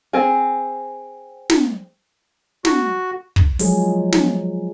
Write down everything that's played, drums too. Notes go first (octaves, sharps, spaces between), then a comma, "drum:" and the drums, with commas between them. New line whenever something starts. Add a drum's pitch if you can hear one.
C4 G#4
drum: snare
F#4, drum: snare
drum: kick
F3 F#3 G#3 G#4, drum: open hi-hat
drum: snare